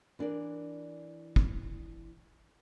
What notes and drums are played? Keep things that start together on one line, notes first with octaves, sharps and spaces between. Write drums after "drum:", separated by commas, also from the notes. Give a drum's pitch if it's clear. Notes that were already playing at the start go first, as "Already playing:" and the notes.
E3 D4 A#4 D5
drum: kick